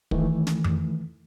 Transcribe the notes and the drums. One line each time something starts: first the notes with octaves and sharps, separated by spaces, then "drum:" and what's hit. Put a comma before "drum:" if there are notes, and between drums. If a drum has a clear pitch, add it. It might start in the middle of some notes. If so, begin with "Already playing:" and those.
D#3 E3 A3, drum: kick
drum: snare
drum: tom F2